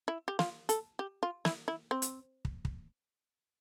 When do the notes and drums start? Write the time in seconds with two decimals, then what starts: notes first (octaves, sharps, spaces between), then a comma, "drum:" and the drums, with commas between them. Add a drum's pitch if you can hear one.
0.08 E4
0.28 G4
0.39 F4, drum: snare
0.69 A4, drum: hi-hat
0.99 G4
1.23 F4
1.45 E4, drum: snare
1.68 E4
1.91 C4
2.02 drum: hi-hat
2.45 drum: kick
2.65 drum: kick